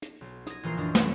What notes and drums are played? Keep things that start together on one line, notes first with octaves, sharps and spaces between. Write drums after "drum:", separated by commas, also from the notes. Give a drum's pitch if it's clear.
drum: hi-hat
B1
D#6 G#6 A#6, drum: hi-hat
A#1 E3 F4 A#4 C6 C7
F#2 E3 D4 D#5
A3 C#4 C#5, drum: snare